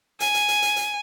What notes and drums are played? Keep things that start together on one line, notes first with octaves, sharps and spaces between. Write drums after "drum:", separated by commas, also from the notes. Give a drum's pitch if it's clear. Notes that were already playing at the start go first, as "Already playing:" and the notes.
G#5, drum: hi-hat
drum: hi-hat
drum: hi-hat
drum: hi-hat
drum: hi-hat